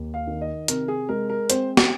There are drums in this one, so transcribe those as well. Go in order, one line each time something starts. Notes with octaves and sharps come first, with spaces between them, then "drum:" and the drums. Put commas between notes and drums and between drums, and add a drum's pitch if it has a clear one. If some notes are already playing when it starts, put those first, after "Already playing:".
Already playing: D#2
F5
D#3
D#5
C3 A#4, drum: hi-hat
G#4
G#3 A#4
A#4
C4 C5, drum: hi-hat
drum: snare